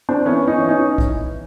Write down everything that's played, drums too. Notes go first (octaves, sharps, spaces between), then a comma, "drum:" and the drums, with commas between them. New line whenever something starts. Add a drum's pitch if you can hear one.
C4 D4
E3 B3 C#4
C#4 D#4
E3
C#4 D#4
drum: kick B1